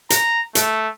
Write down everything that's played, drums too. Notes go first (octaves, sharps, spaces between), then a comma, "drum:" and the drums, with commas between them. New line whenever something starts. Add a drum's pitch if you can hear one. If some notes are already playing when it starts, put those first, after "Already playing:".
A#5, drum: hi-hat
A3, drum: hi-hat